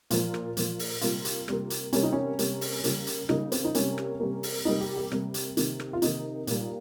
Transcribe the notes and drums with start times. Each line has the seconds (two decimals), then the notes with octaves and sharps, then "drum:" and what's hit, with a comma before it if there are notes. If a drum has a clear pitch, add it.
0.10 A#2 F3 A#3 F4, drum: hi-hat
0.34 drum: rim click
0.57 A#2 F3 A#3, drum: hi-hat
0.79 drum: open hi-hat
1.01 C3 G3 A#3 F4, drum: hi-hat
1.25 drum: hi-hat
1.48 C3 G3 A#3, drum: rim click
1.70 drum: hi-hat
1.93 C3 G3 A#3 C#4, drum: hi-hat
2.03 D#4
2.13 C#4
2.39 C3 G3 A#3, drum: hi-hat
2.61 drum: open hi-hat
2.84 C#3 G3 A#3, drum: hi-hat
3.07 drum: hi-hat
3.29 C#3 G3 A#3 D#4, drum: rim click
3.52 C4, drum: hi-hat
3.64 D#4
3.75 C3 G3 A#3 C#4, drum: hi-hat
3.98 drum: rim click
4.20 C3 G3 A#3
4.43 drum: open hi-hat
4.65 C3 G3 A#3 D#4
4.80 G4
4.97 G4
5.11 C3 G3 A#3, drum: rim click
5.34 drum: hi-hat
5.57 C3 D#3 A#3, drum: hi-hat
5.80 drum: rim click
5.93 F4
6.02 C3 D#3 A#3 D#4, drum: hi-hat
6.47 A#2 G3 A#3, drum: hi-hat